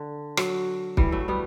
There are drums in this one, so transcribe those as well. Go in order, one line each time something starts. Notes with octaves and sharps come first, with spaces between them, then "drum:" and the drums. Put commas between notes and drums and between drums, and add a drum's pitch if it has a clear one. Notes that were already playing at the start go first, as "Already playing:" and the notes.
Already playing: D3
F#3, drum: rim click
E3 G3, drum: kick
F#3 A3
G3 B3